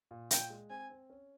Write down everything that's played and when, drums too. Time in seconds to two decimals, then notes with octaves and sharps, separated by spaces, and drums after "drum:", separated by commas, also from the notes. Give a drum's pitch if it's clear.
0.11 A#2
0.31 A#2 G5, drum: hi-hat
0.50 G#3
0.70 C4 G#5
0.90 C4
1.10 C#4